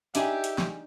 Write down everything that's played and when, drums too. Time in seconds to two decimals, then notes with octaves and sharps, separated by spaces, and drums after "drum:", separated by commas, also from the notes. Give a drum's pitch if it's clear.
0.15 D4 D#4 G4 G#4 E5, drum: hi-hat
0.44 drum: hi-hat
0.58 drum: snare